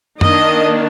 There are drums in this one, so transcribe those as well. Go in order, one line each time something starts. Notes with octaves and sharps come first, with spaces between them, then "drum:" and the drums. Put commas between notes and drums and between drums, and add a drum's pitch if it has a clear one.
D#3 A#3 D4 D#5, drum: tom